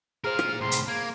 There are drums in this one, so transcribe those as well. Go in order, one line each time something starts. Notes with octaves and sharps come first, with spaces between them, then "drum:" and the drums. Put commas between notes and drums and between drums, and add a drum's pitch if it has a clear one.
F4 G#4 A#4 C5 F6
drum: rim click
A2 C3 C6
drum: hi-hat
A#3 G#6